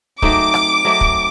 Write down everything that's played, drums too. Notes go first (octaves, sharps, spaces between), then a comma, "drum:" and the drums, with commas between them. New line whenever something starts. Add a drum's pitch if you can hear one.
F#3 A3 C4 D#4 D6, drum: kick
drum: rim click
F#3 A3 C4 D#4
drum: kick